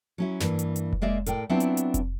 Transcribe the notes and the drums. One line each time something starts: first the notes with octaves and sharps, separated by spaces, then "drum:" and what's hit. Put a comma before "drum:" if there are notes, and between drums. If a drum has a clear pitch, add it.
F#3 C#4 E4
G2 E3 A#3, drum: snare
drum: hi-hat
drum: hi-hat
drum: kick F1
G#3 A#3 D5 E5
A2 A#4 D5 G5, drum: hi-hat
F#3 B3 C4 D4 E4 F4
drum: hi-hat
drum: hi-hat
drum: kick F1, hi-hat